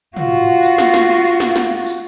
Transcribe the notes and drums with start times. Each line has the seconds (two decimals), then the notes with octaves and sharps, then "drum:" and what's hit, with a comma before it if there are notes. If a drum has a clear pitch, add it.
0.17 F4 F#4, drum: tom
0.63 drum: tambourine
0.78 drum: snare
0.94 drum: snare
1.25 drum: tambourine
1.40 drum: snare
1.56 drum: snare
1.87 drum: tambourine